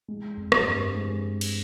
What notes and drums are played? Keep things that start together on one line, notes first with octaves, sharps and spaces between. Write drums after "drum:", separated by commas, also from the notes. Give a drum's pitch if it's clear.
G#3
F2
C4 G4 C5, drum: rim click
G2
G#3
drum: cymbal